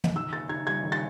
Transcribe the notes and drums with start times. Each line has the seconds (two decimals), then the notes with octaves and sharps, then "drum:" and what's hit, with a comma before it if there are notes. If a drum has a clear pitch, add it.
0.04 drum: tom
0.15 D#3 E6
0.33 A#3 A6
0.49 D#4 G#6
0.67 G3 G#6
0.84 D#3
0.92 A6